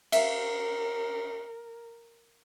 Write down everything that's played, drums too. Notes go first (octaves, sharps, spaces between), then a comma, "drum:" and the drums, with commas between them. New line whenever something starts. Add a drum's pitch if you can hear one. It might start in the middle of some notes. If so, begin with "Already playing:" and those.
A#4 E5 F5, drum: cymbal